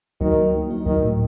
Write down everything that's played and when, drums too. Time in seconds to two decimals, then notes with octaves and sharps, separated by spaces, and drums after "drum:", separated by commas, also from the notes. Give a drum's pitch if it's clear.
0.21 D#3 F#3, drum: kick C#2
0.38 A#3
0.54 F#3
0.70 D#4
0.86 D#3 F#3, drum: kick C#2
1.03 A2